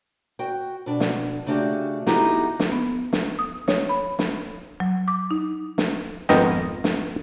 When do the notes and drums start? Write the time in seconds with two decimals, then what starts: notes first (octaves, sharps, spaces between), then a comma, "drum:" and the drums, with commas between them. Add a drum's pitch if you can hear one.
0.39 F#4 G5
0.86 B2 D4
1.00 drum: snare
1.47 C#3 A3 D4 F#4 G4
2.06 B3 D#4 E4 F#4 G4 A4, drum: snare
2.60 drum: snare
2.72 B3
3.13 drum: snare
3.39 D#6
3.68 C#5, drum: snare
3.89 B5
4.19 drum: snare
4.80 F#3
5.08 D6
5.31 D#4
5.78 drum: snare
6.29 G#1 F2 B3 A#4 D#5 G5, drum: snare
6.84 drum: snare